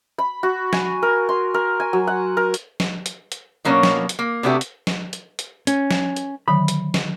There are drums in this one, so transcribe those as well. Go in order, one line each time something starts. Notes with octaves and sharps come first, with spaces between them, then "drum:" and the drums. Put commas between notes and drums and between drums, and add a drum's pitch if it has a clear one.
B5
F#4
G#5, drum: snare
A#4
C6
A#4
G#5
F#3
F#5
A#4
drum: hi-hat
drum: snare
drum: hi-hat
drum: hi-hat
B2 F#3 A#3 C#4 D4
drum: snare
drum: hi-hat
A#3
C3 A3 B3 D4 F#4 G4
drum: hi-hat
drum: snare
drum: hi-hat
drum: hi-hat
C#4, drum: hi-hat
drum: snare
drum: hi-hat
D3 D#3 F#3 B5
drum: hi-hat
drum: snare